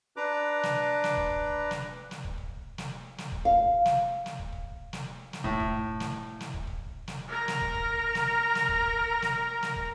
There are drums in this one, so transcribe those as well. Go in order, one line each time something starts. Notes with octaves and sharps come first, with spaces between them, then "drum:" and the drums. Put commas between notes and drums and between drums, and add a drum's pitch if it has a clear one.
D4 B4 A#5 D6
drum: snare
drum: snare
drum: kick
drum: kick
drum: snare
drum: snare
drum: kick
drum: kick
drum: snare
drum: snare
drum: kick
F5, drum: kick
drum: snare
drum: snare
drum: kick
drum: kick
drum: snare
drum: snare
A2, drum: kick
drum: kick
drum: snare
drum: snare
drum: kick
drum: kick
drum: snare
A#4 A#5
drum: snare
drum: kick
drum: kick
drum: snare
drum: snare
drum: kick
drum: kick
drum: snare
drum: snare
drum: kick